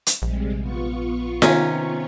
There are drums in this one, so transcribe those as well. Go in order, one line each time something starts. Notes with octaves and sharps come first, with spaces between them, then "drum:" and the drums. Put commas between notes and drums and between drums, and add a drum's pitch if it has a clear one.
drum: hi-hat
A#1 C3 G3 G#3
B3 F4 C#6
C3 D#3 C#4, drum: snare F4